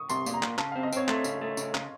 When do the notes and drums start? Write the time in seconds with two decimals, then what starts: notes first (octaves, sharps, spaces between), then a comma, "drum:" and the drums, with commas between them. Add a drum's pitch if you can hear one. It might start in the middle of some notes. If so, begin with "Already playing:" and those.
Already playing: C#6 D#6
0.10 C2 C6, drum: tambourine
0.26 A#2, drum: tambourine
0.34 A#5
0.43 A#2, drum: clap
0.58 C#3 A5, drum: clap
0.72 C4 F5
0.83 D#5
0.93 C4 C#5, drum: tambourine
1.08 A3 C6, drum: clap
1.24 C#3, drum: tambourine
1.41 A3
1.57 C#3, drum: tambourine
1.75 C#3, drum: clap